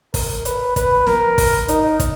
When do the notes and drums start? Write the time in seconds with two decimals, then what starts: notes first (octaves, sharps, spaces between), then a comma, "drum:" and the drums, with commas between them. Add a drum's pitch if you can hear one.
0.14 A#4, drum: kick, open hi-hat
0.45 B4, drum: hi-hat
0.76 B4, drum: kick, hi-hat
1.07 A#4, drum: snare
1.38 drum: kick, open hi-hat
1.68 D#4, drum: hi-hat
2.00 drum: kick, hi-hat